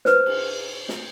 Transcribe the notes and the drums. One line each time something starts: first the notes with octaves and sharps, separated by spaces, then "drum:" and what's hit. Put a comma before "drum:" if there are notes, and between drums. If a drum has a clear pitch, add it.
B4 C5, drum: snare
drum: cymbal
drum: snare